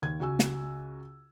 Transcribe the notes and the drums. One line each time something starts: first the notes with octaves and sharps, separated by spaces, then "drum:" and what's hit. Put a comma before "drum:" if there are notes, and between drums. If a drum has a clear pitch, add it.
D#2 G#6
C#2 F#4 G#5 E6
drum: snare